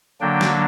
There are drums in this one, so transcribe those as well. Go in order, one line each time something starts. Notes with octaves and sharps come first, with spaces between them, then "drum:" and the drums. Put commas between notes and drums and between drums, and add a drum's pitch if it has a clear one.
D3 F#3 A#3 D4 G5
drum: snare